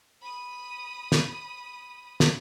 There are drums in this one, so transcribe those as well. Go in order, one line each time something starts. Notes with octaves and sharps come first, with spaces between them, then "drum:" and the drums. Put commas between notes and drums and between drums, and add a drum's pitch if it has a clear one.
B5 D#6
drum: snare
drum: snare